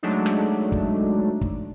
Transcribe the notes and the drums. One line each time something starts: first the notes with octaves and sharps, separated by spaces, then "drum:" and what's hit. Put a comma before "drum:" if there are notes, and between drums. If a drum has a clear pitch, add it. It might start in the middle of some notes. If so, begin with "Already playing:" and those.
F#3 G#3 A3 D4 D#4
drum: rim click
drum: kick
drum: kick